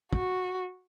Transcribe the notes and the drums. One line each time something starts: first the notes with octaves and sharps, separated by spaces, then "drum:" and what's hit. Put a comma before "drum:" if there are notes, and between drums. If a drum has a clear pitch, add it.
F#4, drum: kick